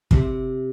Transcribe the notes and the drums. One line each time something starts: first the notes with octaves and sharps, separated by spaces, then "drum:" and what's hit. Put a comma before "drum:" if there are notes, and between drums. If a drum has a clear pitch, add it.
C3, drum: kick